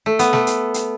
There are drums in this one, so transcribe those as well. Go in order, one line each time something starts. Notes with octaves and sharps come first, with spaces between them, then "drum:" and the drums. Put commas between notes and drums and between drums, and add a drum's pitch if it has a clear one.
A3
B3, drum: hi-hat
A3, drum: snare
drum: hi-hat
drum: hi-hat